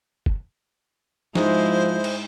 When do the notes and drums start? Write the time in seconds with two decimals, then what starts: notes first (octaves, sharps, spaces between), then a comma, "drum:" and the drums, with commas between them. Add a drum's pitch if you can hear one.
0.26 drum: kick
1.35 G#2 F3 G#3 E4 C5, drum: snare
2.04 drum: cymbal